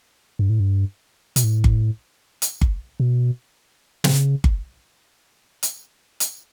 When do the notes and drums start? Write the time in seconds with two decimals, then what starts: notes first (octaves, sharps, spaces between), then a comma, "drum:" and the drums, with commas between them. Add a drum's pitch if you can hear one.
0.39 G2
0.50 A2
0.60 G2
1.36 B2, drum: hi-hat
1.44 A2
1.64 drum: kick G1
2.42 drum: hi-hat
2.61 drum: kick G1
3.00 B2
4.04 C#3, drum: snare
4.44 drum: kick G1
5.63 drum: hi-hat
6.20 drum: hi-hat